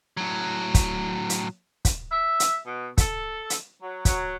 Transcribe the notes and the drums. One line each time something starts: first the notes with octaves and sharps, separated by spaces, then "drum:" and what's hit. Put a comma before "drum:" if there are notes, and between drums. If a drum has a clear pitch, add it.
A2 F#3
drum: kick, hi-hat
drum: hi-hat
drum: kick, hi-hat
E5
drum: hi-hat
B2
A4, drum: kick, hi-hat
drum: hi-hat
F#3
F#3, drum: kick, hi-hat